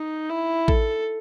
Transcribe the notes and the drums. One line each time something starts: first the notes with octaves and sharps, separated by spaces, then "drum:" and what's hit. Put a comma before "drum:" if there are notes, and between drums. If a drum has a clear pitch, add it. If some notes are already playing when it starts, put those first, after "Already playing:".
Already playing: D#4
E4
A4, drum: kick A1